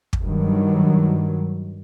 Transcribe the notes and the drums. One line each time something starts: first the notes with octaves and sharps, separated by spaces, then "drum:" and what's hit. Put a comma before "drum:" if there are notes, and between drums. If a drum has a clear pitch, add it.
drum: kick
G2 D#3 F#3